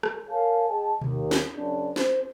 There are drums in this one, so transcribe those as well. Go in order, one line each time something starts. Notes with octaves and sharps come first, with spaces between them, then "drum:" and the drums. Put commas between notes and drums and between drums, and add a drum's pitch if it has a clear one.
drum: rim click
A#4 C#5 F5 G#5 A5
G#4 D#5 G5 A5
D#2, drum: tom B2
drum: snare
F#2 C#3 D4
C5, drum: snare